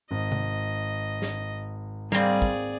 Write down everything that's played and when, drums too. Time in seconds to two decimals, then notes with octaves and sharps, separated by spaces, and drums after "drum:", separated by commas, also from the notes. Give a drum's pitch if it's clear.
0.11 G#1 D#5
0.32 drum: tom C3
1.22 drum: snare
2.12 G3 A#3 C4 G#4 D5, drum: snare
2.42 drum: kick